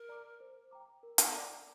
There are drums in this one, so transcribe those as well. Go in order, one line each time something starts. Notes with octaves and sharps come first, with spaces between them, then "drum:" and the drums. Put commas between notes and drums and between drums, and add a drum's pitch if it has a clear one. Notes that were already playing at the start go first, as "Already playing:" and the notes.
Already playing: A#4
D5 A#5 D6
C5
G5 A#5 D6
A#4
drum: hi-hat
D5 A#5 D6